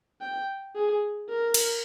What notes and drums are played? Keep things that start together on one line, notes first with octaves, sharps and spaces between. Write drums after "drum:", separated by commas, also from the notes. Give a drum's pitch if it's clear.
G5
G#4
A#4
drum: cymbal